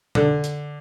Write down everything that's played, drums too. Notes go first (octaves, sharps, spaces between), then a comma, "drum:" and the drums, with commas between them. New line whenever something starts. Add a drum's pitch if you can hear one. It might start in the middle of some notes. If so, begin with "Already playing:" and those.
D3, drum: tom B2
drum: hi-hat